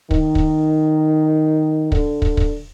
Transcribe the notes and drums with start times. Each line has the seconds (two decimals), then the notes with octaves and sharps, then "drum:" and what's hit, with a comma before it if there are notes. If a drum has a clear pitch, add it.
0.11 D#3, drum: kick
0.35 drum: kick
1.92 D3, drum: kick
2.22 drum: kick
2.37 drum: kick